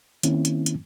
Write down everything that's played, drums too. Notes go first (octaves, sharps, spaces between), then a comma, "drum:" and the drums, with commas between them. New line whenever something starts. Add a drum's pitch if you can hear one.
D#3 A#3 C4 C#4 E4, drum: hi-hat
drum: hi-hat
drum: hi-hat